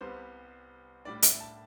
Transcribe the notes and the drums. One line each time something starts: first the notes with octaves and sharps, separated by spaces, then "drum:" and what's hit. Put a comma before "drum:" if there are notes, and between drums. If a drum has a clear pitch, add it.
C2 C3 G3 B3 C5
A2 G3 D4 D5
E5, drum: hi-hat
A5